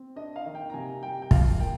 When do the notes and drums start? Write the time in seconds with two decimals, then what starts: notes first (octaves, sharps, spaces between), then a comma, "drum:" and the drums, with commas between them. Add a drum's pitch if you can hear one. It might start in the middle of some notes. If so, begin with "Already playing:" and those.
Already playing: C4
0.16 D4 D#5
0.36 F5
0.46 D#3
0.55 G5
0.70 A#5
0.74 C3 G#5
1.03 G3 G5
1.22 G5
1.31 F3 F5, drum: kick
1.60 A#3 G5